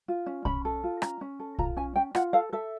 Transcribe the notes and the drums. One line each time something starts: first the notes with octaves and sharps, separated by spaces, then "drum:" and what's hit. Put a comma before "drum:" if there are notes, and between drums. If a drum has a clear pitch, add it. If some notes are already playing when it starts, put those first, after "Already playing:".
F4
C#4
C#4 B5, drum: kick
A4
F4
C#4 A#5, drum: rim click
C#4
A4
F4 A#5, drum: kick
C#4 G#5
C#4 G5
F4 F#5, drum: rim click
A4 F5
A4 E5